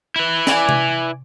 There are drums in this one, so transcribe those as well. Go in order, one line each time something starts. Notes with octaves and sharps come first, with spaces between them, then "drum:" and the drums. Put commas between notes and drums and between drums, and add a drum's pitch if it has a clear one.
E4 B4
D5 G#5, drum: snare
drum: tom C3